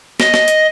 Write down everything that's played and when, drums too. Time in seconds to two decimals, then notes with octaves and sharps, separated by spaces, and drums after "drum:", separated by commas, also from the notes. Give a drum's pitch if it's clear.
0.20 D#5, drum: snare
0.34 drum: snare
0.48 drum: hi-hat